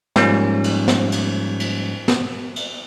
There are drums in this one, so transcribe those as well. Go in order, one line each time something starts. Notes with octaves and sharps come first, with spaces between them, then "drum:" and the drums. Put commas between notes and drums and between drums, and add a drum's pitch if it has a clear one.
G#2 F3 G3 A#3 C#4, drum: snare
drum: cymbal
drum: snare
drum: cymbal
drum: cymbal
drum: snare
drum: cymbal